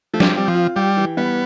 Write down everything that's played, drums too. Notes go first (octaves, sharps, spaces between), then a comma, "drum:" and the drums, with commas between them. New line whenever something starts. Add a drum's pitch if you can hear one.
F3 A3
G3, drum: snare
G3 C4
F3
F4
G3 G4
E3
G3 B3